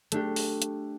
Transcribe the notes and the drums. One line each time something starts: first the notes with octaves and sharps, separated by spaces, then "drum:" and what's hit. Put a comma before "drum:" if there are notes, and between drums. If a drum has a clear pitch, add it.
A3 D4 G4, drum: hi-hat
drum: open hi-hat
drum: hi-hat